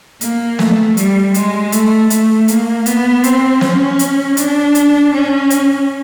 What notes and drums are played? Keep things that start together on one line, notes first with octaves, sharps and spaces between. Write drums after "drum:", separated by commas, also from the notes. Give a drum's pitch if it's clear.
A#3, drum: hi-hat
A3, drum: snare
G3, drum: hi-hat
G#3, drum: hi-hat
A3, drum: hi-hat
A3, drum: hi-hat
A#3, drum: hi-hat
B3, drum: hi-hat
C4, drum: hi-hat
C#4, drum: snare
drum: hi-hat
D4, drum: hi-hat
drum: hi-hat
C#4
drum: hi-hat